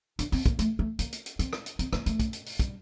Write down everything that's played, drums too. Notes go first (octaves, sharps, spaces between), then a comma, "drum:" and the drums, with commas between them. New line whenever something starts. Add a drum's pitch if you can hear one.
D4, drum: hi-hat
C4, drum: open hi-hat
A#3, drum: kick, hi-hat
A3, drum: hi-hat
A3
A#3, drum: hi-hat
drum: hi-hat
drum: hi-hat
C4, drum: hi-hat
drum: rim click
drum: hi-hat
C4, drum: hi-hat
A#3, drum: rim click
A3, drum: hi-hat
drum: kick, hi-hat
drum: hi-hat
drum: open hi-hat
G3, drum: kick, hi-hat